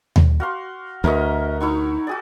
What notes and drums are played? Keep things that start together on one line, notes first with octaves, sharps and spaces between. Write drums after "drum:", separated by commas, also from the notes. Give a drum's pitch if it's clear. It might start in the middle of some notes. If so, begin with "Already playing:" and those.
drum: tom D#2
F#4 F5 C6
D2 A#4 C#5 D#5 E5
D#4 E4 F#4 C#6
F#4 G#4 D5